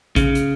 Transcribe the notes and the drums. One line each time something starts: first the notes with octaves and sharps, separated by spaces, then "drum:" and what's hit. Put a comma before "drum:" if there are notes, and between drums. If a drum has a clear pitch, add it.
C#3, drum: kick A1, hi-hat
drum: hi-hat